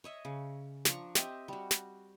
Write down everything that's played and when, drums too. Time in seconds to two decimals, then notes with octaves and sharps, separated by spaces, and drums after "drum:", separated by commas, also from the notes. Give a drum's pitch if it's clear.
0.04 C#5 D#5 E5
0.25 C#3
0.85 F3 D4 A#5 C#6, drum: snare
1.15 C4 G4 D#5 E5, drum: snare
1.48 G3 F#4
1.71 drum: snare